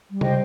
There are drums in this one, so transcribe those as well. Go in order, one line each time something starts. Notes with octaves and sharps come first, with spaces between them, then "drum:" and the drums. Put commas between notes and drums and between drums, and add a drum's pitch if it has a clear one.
G3
C5 D#5 G5, drum: tom C3